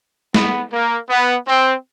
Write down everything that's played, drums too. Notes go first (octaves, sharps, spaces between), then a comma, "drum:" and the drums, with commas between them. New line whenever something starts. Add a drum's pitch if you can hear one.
B3, drum: snare
A#3
B3
C4